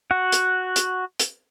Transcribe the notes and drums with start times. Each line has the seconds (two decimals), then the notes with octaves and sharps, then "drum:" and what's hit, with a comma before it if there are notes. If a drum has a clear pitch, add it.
0.11 F#4 F#5
0.32 drum: hi-hat
0.76 drum: hi-hat
1.19 drum: hi-hat